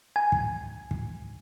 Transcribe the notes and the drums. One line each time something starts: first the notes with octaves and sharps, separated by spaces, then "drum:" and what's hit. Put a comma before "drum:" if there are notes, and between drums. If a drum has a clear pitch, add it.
G#5
drum: kick
drum: kick